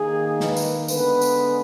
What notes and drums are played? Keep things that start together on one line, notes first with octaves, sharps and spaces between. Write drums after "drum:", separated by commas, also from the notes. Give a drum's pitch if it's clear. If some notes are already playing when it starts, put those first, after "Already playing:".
Already playing: D#3 A#3 G#4
B4, drum: snare
drum: tambourine
D3 G#3 B3 B4, drum: tambourine
drum: tambourine